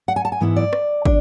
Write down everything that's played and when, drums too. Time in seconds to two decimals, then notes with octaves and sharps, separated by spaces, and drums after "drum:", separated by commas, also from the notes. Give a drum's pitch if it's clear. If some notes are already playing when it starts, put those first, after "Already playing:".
0.08 F#5
0.16 G#5
0.25 A5
0.32 G#5
0.41 G#2 E3 B3 E4
0.56 D5
0.73 drum: rim click
1.05 D4, drum: kick